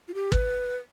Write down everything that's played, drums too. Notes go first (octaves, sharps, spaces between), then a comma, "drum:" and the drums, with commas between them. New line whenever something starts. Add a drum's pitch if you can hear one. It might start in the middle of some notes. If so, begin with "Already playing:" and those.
F4
G4
B4, drum: kick